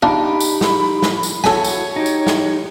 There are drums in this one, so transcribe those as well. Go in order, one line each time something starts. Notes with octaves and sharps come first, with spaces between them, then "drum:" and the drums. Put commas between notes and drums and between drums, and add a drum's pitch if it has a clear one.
D4 D#4 F4 G4 B5
drum: tambourine
drum: snare
drum: snare
drum: tambourine
E4 F#4 A4 C#5 G#5, drum: snare
drum: tambourine
D#4 G4
drum: tambourine
drum: snare